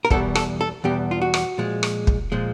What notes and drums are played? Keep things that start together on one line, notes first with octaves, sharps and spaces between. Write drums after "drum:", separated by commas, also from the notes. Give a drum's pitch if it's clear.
A#4
E2 B2 G3 A4, drum: kick
A4, drum: rim click
A4
E2 B2 G3 G4
F4
F#4
drum: rim click
A#2 F3 G#3
drum: rim click
drum: kick
A#2 F3 G#3